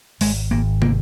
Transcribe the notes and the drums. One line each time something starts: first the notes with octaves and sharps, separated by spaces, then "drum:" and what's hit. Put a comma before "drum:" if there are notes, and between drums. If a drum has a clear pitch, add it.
G#1 G#3, drum: open hi-hat
G#1 A#3
A#3, drum: tom